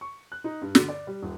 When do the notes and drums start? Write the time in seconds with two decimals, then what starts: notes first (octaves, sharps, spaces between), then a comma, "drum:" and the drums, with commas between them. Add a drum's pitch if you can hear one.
0.01 C#6
0.32 F#6
0.44 D#4
0.62 G2
0.75 D3, drum: snare
0.89 D5
1.07 G3
1.22 D#1